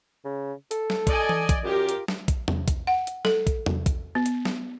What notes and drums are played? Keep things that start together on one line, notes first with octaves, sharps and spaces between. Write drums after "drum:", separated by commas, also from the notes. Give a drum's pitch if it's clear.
C#3
A4, drum: hi-hat
drum: snare
D5 D#5 G#5, drum: kick A#1, hi-hat
drum: tom E3
drum: kick A#1, hi-hat
F#2 F4 G4 A#4
drum: hi-hat
drum: snare
drum: kick A#1, hi-hat
drum: tom E2
drum: kick A#1, hi-hat
F#5
drum: hi-hat
A4, drum: snare
drum: kick A#1, hi-hat
drum: tom E2
drum: kick A#1, hi-hat
B3
drum: hi-hat
drum: snare